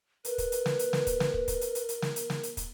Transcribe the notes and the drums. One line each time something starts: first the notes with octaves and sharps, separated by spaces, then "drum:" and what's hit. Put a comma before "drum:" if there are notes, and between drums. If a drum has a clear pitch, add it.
A#4 B4, drum: hi-hat
drum: kick, hi-hat
drum: hi-hat
drum: snare
drum: hi-hat
drum: snare
drum: kick, hi-hat
drum: snare
drum: kick
drum: kick, hi-hat
drum: hi-hat
drum: hi-hat
drum: hi-hat
drum: snare
drum: hi-hat
drum: snare
drum: hi-hat
drum: kick, hi-hat